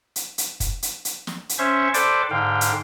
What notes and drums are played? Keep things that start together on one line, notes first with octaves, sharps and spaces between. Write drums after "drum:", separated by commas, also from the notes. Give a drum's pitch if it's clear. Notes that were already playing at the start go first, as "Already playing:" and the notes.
drum: hi-hat
drum: hi-hat
drum: kick, hi-hat
drum: hi-hat
drum: hi-hat
drum: snare
drum: hi-hat
C#4 C5 C#5 E5 C#6
A4 B4 C5 D5 G5 D6, drum: hi-hat
G#2 D3 F5 G5
drum: hi-hat